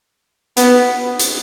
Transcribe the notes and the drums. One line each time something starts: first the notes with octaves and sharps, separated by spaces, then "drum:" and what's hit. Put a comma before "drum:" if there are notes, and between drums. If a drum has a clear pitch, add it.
B3, drum: hi-hat
drum: hi-hat